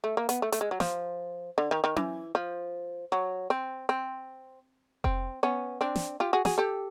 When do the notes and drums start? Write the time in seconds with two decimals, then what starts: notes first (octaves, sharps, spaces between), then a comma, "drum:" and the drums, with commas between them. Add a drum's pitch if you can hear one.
0.04 A3
0.17 A#3
0.29 B3, drum: hi-hat
0.42 A3
0.52 A3, drum: hi-hat
0.61 G#3
0.71 F#3
0.80 F3, drum: snare
1.58 D3
1.71 D#3
1.84 D#3
1.96 E3, drum: tom C#4
2.35 F3
3.12 F#3
3.50 C4
3.89 C4
5.04 C4, drum: kick F1
5.43 B3 C#4
5.81 C4 D4
5.96 drum: snare
6.20 F4 G4
6.33 F#4 G#4
6.45 F#4 G#4, drum: snare
6.58 G4 A4